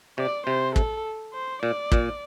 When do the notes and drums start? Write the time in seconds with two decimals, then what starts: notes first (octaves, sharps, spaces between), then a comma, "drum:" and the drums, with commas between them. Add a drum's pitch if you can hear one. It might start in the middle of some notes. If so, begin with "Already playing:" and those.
0.18 C3 D5
0.47 C3 C5
0.76 A4, drum: kick
1.34 C5
1.63 A#2 D5
1.92 A#2, drum: kick